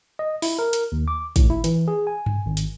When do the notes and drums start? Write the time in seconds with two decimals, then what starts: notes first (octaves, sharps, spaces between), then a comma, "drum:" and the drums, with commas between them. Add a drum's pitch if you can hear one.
0.19 D#5
0.42 E4, drum: open hi-hat
0.59 A#4
0.73 drum: hi-hat
0.92 D#2
1.08 D6
1.36 A2, drum: kick, hi-hat
1.50 E4
1.64 E3, drum: hi-hat
1.88 G#4
2.07 G#5
2.26 drum: tom G2
2.46 G#1
2.57 drum: hi-hat